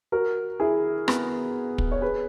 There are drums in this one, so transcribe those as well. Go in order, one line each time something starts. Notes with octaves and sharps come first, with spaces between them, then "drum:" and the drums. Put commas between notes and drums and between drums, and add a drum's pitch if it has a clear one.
F#4 A#4
E4 G#4
B3, drum: rim click
drum: kick
C#5
G#4 B4